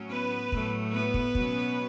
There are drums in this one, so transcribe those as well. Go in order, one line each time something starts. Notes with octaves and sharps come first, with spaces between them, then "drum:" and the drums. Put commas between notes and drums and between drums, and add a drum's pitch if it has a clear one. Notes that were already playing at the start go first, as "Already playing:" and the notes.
Already playing: A2 F#3 C#4
B3 B4
A2 F#3 A3, drum: kick
B3 B4
drum: kick
B2 F#3 C#4, drum: kick